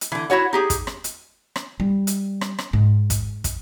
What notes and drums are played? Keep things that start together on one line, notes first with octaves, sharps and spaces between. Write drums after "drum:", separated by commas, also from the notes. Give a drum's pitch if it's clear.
drum: hi-hat
D3 E3
E4 F#4 C#5 F#5
D#4 G4 G#4
drum: kick, hi-hat
drum: rim click
drum: hi-hat
drum: rim click
G3
drum: hi-hat
drum: rim click
drum: rim click
G#2
drum: kick, hi-hat
drum: kick, hi-hat